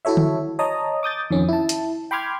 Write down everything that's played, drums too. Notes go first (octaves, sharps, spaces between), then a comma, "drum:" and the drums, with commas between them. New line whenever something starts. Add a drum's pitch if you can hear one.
E4 F#4 A4 C#5 E5
drum: tom D3
C#5 D#5 A5 A#5 D#6
D6 D#6 G6 A6
F2 D#3 C#4
E4 A5
drum: hi-hat
G5 B5 C6 D6 F6 G#6